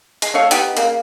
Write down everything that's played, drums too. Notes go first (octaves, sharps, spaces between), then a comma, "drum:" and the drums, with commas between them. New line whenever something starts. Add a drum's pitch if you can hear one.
G#3, drum: hi-hat
A3 C#5 F5
B3 D#4 G4, drum: hi-hat
C#3 A#3, drum: hi-hat